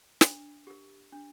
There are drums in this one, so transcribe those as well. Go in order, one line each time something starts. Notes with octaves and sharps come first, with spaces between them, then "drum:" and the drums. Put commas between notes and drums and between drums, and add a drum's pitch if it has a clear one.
D4, drum: snare
G4 A#4
D4